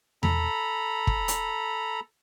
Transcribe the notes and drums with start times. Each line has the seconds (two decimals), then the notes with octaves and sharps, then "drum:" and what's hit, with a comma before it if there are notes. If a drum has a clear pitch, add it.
0.23 A4 A#5 B5, drum: tom E2
1.07 drum: kick
1.28 drum: hi-hat